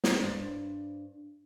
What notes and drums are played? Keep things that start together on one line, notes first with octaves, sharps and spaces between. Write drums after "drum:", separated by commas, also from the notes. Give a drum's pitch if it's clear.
drum: snare
G2 C5 D5